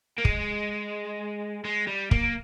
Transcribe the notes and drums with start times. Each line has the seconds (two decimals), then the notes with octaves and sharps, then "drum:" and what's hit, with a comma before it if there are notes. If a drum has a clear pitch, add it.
0.18 A#3
0.25 G#3, drum: kick
1.64 G#3
1.87 G3
2.11 A#3, drum: kick